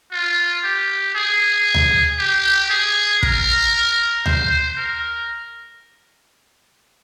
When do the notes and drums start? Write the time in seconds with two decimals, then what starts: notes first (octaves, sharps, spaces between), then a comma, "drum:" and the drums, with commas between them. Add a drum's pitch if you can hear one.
0.12 F4
0.63 G4
1.15 G#4
1.74 drum: tom D2
2.19 G4
2.70 G#4
3.23 A#4, drum: kick
4.26 C5, drum: tom D2
4.78 A#4